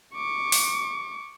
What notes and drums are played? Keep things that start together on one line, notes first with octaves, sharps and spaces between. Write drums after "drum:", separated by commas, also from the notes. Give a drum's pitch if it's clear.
C#6 D6
drum: open hi-hat